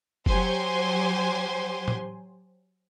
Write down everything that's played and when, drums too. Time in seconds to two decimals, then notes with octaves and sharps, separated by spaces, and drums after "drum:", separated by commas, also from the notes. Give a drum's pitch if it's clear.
0.26 F#3 G4 C5 G#5 C6, drum: kick F1
1.88 drum: tom